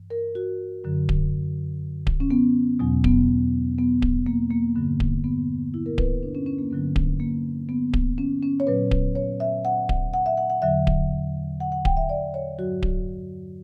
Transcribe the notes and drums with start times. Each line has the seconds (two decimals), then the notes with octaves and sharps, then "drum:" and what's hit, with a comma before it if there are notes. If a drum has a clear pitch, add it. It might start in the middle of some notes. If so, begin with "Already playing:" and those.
Already playing: G2 E3
0.10 A#4
0.35 F#4
0.84 F#2 D3 F#3
1.09 drum: kick D1
2.07 drum: kick D1
2.20 C#4
2.31 B3
2.79 E2 B2 F#3
3.04 B3, drum: kick D1
3.78 B3
4.02 drum: kick D1
4.26 A#3
4.51 A#3
4.75 G2 D3 F#3
5.00 drum: kick D1
5.24 B3
5.74 E4
5.86 A#4
5.98 B4, drum: kick D1
6.23 D4
6.35 C#4
6.46 C#4
6.59 A#3
6.71 G2 D3 F#3 B3
6.96 drum: kick D1
7.20 A#3
7.69 B3
7.94 drum: kick D1
8.18 C#4
8.43 C#4
8.60 C#5
8.67 A#2 F#3 B4
8.91 drum: kick D1
9.15 C#5
9.40 E5
9.65 F#5
9.89 drum: kick D1
10.14 F#5
10.26 E5
10.37 F#5
10.50 F#5
10.62 E2 D3 F#3 E5
10.87 drum: kick D1
11.60 F#5
11.72 F#5
11.85 G5, drum: kick D1
11.97 E5
12.09 D5
12.34 C#5
12.58 G2 F#3 F#4
12.83 drum: kick D1